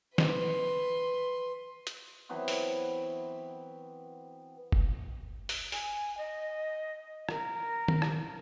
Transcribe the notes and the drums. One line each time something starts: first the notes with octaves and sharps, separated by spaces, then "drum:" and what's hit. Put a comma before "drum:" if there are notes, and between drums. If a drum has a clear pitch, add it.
B4 C6, drum: snare
drum: hi-hat
E3 F#3 B3 C4
drum: open hi-hat
drum: kick F#1
drum: open hi-hat
G#5, drum: open hi-hat
D#5
A#4, drum: rim click
drum: tom D#3
drum: rim click